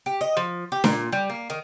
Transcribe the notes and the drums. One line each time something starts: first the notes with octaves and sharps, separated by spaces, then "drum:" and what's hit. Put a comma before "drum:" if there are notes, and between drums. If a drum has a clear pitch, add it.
G4
D#5
F3
G4
A#2, drum: snare D4
G3
A#3
D#3